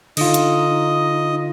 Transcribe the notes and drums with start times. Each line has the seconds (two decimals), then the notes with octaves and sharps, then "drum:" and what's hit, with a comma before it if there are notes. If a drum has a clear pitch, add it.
0.17 D3 D#4 F4 D#5, drum: cymbal
0.34 drum: hi-hat